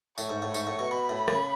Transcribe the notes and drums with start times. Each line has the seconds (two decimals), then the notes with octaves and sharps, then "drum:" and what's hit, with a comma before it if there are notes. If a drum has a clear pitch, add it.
0.18 A2 C#6, drum: tambourine
0.29 G#2
0.42 A2
0.54 G#2 C#6, drum: tambourine
0.67 A2
0.79 B2
0.91 B2 B5
1.09 A2
1.28 C#3, drum: rim click